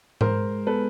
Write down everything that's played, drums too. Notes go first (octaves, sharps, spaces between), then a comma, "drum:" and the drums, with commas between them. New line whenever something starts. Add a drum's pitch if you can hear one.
G#3 A#4 C5, drum: tom G#2
B3 A4 B4